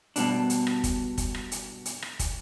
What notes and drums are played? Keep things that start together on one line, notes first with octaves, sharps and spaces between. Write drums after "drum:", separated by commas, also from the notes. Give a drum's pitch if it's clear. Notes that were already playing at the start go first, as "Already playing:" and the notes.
G2 B2 D4, drum: hi-hat
drum: hi-hat
drum: rim click
drum: kick, hi-hat
drum: kick, hi-hat
drum: rim click
drum: hi-hat
drum: hi-hat
drum: rim click
drum: kick, hi-hat